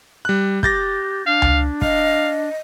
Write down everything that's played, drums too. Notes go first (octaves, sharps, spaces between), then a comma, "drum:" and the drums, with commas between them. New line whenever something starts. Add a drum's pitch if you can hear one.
G3 F#6
G4 G6 A6 A#6, drum: kick
D4 F5
drum: tom C#2
D#5 F5, drum: kick